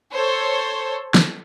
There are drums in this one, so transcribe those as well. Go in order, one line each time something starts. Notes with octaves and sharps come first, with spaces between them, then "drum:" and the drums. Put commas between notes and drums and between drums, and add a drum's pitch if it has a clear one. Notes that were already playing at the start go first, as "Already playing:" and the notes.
A4 C5 C#5
drum: snare